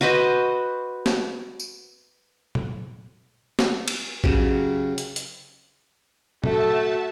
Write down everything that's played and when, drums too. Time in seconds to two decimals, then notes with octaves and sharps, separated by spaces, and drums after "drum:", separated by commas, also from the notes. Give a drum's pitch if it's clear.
0.01 F#4 B4 C5 D#5
1.06 drum: snare
1.60 drum: tambourine
2.55 drum: tom A#2
3.59 drum: snare
3.88 drum: cymbal
4.24 C#3 F#3 G4, drum: kick A1
4.98 drum: hi-hat
5.16 drum: hi-hat
6.44 A3 F#4 A4 E5 A5, drum: tom A#2